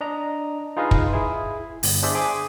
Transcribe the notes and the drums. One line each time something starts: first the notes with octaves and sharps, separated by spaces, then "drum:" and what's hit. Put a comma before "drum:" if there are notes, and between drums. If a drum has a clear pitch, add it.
D4 D#5 A#5
D#4 F4 G#4 B4 D#5 F5
drum: kick
E4 G#4
G1, drum: open hi-hat
D4 G#4 C5 D5 E5
G#4 G#5 D6